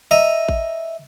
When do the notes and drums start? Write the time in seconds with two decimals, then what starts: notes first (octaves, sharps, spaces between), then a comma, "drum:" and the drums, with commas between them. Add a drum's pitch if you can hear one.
0.11 D#5 E5 A#5
0.48 drum: kick A1